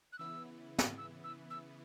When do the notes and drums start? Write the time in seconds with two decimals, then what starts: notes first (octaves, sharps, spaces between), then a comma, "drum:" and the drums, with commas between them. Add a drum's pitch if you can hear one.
0.13 F#6
0.19 C#3 E3 B3 E4 E6
0.78 drum: snare
0.98 E6
1.24 E6
1.50 E6